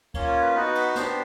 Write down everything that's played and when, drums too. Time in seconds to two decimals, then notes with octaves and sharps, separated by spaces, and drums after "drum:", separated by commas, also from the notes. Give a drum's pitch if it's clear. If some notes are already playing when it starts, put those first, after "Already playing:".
0.14 A#3 C#4 F4 C#5, drum: kick C#2, cymbal
0.28 C#5
0.42 B4
0.55 B3 D#4 F#4 B4
0.75 drum: cymbal
0.95 B3 D4 G4 C5, drum: snare